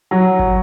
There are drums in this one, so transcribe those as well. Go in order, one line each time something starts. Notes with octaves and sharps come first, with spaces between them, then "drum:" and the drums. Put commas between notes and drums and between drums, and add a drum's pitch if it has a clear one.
F#3
drum: kick G#1